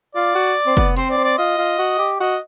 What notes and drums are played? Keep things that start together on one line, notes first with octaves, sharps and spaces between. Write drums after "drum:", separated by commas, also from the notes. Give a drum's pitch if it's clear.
F4 D5
F#4
C4
B3, drum: kick
C4 C5, drum: hi-hat
D5
C4
D5
F4 D#5
F4
F#4
G4
F#4 D#5